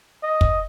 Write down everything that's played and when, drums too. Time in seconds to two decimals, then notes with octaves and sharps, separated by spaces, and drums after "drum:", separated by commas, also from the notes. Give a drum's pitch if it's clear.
0.23 D#5
0.41 drum: kick